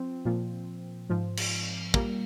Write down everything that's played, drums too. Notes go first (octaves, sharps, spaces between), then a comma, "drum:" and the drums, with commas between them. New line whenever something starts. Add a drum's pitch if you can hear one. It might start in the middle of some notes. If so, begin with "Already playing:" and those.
Already playing: F3 C4
A#2 F3
G#2 F3
drum: cymbal
A#2 G3 A#3, drum: kick